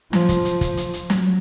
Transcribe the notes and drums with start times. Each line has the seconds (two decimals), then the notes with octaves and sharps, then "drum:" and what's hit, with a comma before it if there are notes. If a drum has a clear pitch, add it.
0.13 F3, drum: snare
0.29 drum: kick, hi-hat
0.45 drum: hi-hat
0.61 drum: kick, hi-hat
0.77 drum: hi-hat
0.93 drum: hi-hat
1.10 F#3, drum: snare